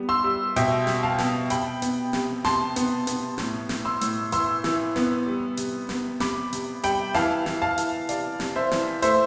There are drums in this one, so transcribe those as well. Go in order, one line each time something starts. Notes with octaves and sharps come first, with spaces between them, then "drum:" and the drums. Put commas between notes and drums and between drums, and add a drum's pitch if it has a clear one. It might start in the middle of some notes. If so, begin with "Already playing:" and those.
Already playing: G3 B3
C6 E6
G3
B2 E5 G5, drum: hi-hat
G3, drum: snare
F5 A5
B3, drum: snare
C3 G5 B5, drum: hi-hat
B3, drum: hi-hat
C3, drum: snare
C3 A5 C6, drum: snare
B3, drum: hi-hat
B3, drum: hi-hat
A2, drum: snare
A2, drum: snare
C6 E6
A2, drum: hi-hat
E3 C6 E6, drum: hi-hat
E3, drum: snare
B3, drum: snare
G3
C3, drum: hi-hat
B3, drum: snare
C3 B5 D6, drum: snare
C3, drum: hi-hat
G3 G5 B5, drum: hi-hat
E3 F5 A5, drum: snare
E3, drum: snare
F5 A5
E3, drum: hi-hat
C3 D5 F5, drum: hi-hat
C3, drum: snare
C5 E5
E3, drum: snare
A3 C5 E5, drum: hi-hat